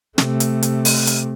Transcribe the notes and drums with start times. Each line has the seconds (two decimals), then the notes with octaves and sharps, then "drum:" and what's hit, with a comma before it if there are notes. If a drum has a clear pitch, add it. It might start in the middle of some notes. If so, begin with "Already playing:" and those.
0.18 C3 A3, drum: snare
0.40 drum: hi-hat
0.63 drum: hi-hat
0.85 drum: open hi-hat
1.07 drum: hi-hat